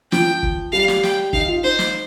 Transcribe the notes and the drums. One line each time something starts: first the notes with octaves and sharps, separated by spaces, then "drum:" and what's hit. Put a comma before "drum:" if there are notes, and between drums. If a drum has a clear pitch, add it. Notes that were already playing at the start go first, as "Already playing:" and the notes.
F3 G5, drum: snare
drum: kick
G3 F5
drum: snare
G5, drum: snare
D#4 F5, drum: kick
F4
D#4 C5
drum: snare